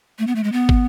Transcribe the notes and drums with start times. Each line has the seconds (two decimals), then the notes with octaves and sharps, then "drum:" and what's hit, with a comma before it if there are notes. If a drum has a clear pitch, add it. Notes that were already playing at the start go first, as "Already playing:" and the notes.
0.19 A3
0.27 B3
0.35 A3
0.43 G#3
0.52 B3
0.69 drum: kick